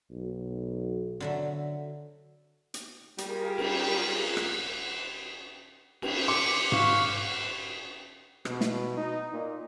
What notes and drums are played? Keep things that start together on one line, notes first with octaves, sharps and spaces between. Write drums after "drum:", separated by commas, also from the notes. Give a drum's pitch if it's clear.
B1
D3 F#3 E5
drum: hi-hat
G3 F4 G#4 A#4, drum: hi-hat
drum: cymbal
drum: rim click
drum: cymbal
C6 D6 C#7
F5 C#6, drum: tom G#2
B2, drum: rim click
drum: snare
D#4
A#2